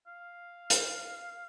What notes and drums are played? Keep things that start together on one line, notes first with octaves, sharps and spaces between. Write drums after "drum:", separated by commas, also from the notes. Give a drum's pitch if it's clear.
F5
drum: hi-hat